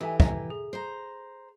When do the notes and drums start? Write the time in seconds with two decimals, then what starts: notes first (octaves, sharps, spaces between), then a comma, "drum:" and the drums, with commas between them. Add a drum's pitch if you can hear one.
0.01 E3 D#4 G4 A4 E5 G#5
0.20 E5 G#5 A#5 A#6, drum: kick
0.50 G#4
0.73 C5 A#5